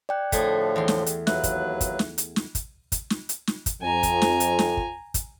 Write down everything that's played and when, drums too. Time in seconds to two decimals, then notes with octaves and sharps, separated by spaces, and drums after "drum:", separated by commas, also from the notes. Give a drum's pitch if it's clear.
0.09 D5 G5 F#6
0.32 A2 D3 F3 A3 G#4, drum: kick, hi-hat
0.76 E2 C6
0.88 drum: snare
1.06 drum: hi-hat
1.27 D#2 F#3 B4 E5 F#6, drum: snare
1.44 drum: kick, hi-hat
1.81 drum: kick, hi-hat
1.99 drum: snare
2.18 drum: hi-hat
2.36 drum: snare
2.55 drum: kick, hi-hat
2.92 drum: kick, hi-hat
3.10 drum: snare
3.29 drum: hi-hat
3.47 drum: snare
3.66 drum: kick, hi-hat
3.82 F2 G#5 A#5
4.03 drum: kick, hi-hat
4.22 drum: snare
4.40 drum: hi-hat
4.59 drum: snare
4.77 drum: kick
5.14 drum: kick, hi-hat